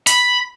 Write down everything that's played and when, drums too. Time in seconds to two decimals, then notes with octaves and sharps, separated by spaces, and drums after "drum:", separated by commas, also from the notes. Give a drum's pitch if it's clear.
0.07 B5, drum: hi-hat